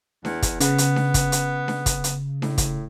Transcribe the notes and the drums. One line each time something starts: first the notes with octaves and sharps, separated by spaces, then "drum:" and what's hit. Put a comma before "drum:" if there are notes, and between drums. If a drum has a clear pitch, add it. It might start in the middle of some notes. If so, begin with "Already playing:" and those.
E2, drum: snare D4
drum: kick, hi-hat
C#3 B3, drum: hi-hat
drum: hi-hat
drum: snare D4
drum: kick, hi-hat
drum: hi-hat
drum: snare D4
drum: kick, hi-hat
drum: hi-hat
A2, drum: snare D4
drum: kick, hi-hat